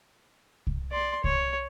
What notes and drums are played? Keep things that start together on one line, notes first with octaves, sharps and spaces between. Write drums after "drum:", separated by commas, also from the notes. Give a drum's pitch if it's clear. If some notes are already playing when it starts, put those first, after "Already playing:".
drum: kick C2
D5 C6
C#5, drum: kick C2